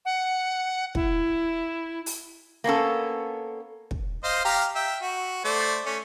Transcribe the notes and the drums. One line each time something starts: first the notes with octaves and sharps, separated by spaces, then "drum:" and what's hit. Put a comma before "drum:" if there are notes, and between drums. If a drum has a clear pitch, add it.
F#5
E4, drum: kick
drum: open hi-hat
A#3 B3 C#4 A4
drum: kick
C5 D#5 F5
G4 F5 A#5
E5 G5
F#4
A3 C5 D5
A3 C#4